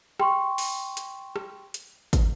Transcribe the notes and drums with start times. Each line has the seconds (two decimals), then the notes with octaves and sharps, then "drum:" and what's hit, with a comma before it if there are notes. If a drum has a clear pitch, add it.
0.20 G5 C6 C#6, drum: rim click
0.58 drum: open hi-hat
0.97 drum: hi-hat
1.36 drum: rim click
1.74 drum: hi-hat
2.13 drum: kick, hi-hat